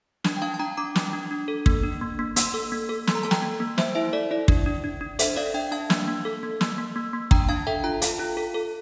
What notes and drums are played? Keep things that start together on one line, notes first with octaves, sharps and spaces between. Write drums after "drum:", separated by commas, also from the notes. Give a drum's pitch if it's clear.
D4, drum: snare
G5
D4 F5 A5
A5
D4 G5 A#5
D4 A#5 D6
D4, drum: snare
D4
D4
A4
A#3, drum: kick
D4
A#3
A#3
A#3 C6 E6, drum: hi-hat
A4
A#3
A4
A#3 C6, drum: snare
A#5
A4 A5
G5 A#5, drum: snare
A#3
A#3
A#3 C5 E5, drum: snare
E4 C5 E5
A4 D5
E4 D5
D4, drum: kick
D4
D4
D4
A4 C5 E5, drum: hi-hat
D4 D5 F5
D4 E5 G5
D4 F5 A5
A#3, drum: snare
A#3
A4
A#3
A#3, drum: snare
A#3
A#3
A#3
D4 G5 A#5, drum: kick
D4 F5 A5
A4 E5 G5
F4 G5 A#5
A4 F5 A5, drum: hi-hat
F4
A4
A4